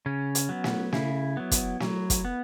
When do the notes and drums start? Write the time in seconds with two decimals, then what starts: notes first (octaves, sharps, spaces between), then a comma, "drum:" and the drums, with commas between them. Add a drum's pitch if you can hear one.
0.06 C#3 C#4
0.35 drum: hi-hat
0.49 F#3 B3
0.64 drum: snare
0.92 C#3 E4, drum: snare
1.37 F#3 B3
1.51 drum: kick, hi-hat
1.80 F#3, drum: snare
2.10 drum: kick, hi-hat
2.25 B3